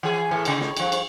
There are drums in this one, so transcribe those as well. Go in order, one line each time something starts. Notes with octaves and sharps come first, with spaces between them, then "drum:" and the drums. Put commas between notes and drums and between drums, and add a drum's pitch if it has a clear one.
E3 G#4
A2 E3
A2 C#3, drum: cymbal
drum: snare
G2 F3, drum: cymbal
drum: cymbal